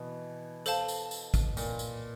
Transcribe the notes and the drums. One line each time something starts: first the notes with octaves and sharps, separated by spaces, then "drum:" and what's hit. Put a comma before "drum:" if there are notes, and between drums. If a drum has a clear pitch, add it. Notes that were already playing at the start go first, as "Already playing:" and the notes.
Already playing: B2 E3
A4 C5 F5 A5, drum: tambourine
drum: tambourine
drum: tambourine
drum: kick, tambourine
A#2, drum: tambourine
drum: tambourine